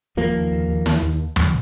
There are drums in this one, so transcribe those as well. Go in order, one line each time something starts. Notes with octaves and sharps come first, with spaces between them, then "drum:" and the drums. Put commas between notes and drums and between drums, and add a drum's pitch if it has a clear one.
D#2 F3 A#3
D#2
D#2
D#2
D#2, drum: snare
D#2
drum: tom